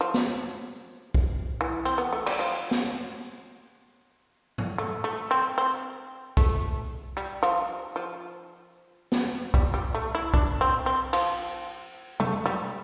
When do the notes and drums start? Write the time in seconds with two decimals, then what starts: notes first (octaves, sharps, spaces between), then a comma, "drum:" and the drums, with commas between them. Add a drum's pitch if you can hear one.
0.01 F3
0.14 drum: snare
1.14 drum: kick B1
1.61 E3
1.85 C4, drum: tambourine
1.98 B3
2.13 A3
2.26 G3, drum: cymbal
2.39 F3
2.71 drum: snare
4.58 drum: tom G2
4.78 A3
5.04 A3
5.31 C4
5.58 C4
6.37 A3, drum: kick B1
7.17 G3
7.43 F3
7.96 F3
9.12 drum: snare
9.54 G3, drum: kick B1
9.74 G3
9.95 A3
10.15 E4
10.34 D4, drum: kick B1
10.61 C4
10.86 C4
11.13 F3, drum: cymbal
12.20 A3, drum: tom B2
12.46 G3